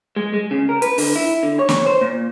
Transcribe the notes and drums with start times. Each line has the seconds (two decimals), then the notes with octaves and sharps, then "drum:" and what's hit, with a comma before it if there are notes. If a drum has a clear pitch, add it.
0.16 G#3
0.34 G#3
0.51 C#3
0.69 A#4
0.82 B4, drum: hi-hat
0.98 D3, drum: open hi-hat
1.16 E4
1.43 D3
1.59 C#5
1.69 drum: snare
1.86 C5
2.01 A#2